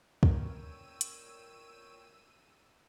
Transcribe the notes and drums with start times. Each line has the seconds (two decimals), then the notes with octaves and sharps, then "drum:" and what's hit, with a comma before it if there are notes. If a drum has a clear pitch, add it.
0.23 A#2 C#4 A#4 B4 C#5 G5 E6 D#7, drum: kick
1.01 drum: hi-hat